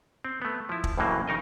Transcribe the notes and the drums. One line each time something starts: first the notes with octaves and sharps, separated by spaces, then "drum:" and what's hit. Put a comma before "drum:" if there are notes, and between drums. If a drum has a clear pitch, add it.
C4
A3 B3
F3 E4
drum: kick
F2 A2 C#3 E3 F#3 A#3
C#3 D#4 A#4 D#5